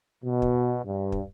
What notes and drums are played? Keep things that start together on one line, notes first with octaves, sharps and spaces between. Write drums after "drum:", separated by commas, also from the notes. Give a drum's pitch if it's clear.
B2
drum: kick
G2
drum: kick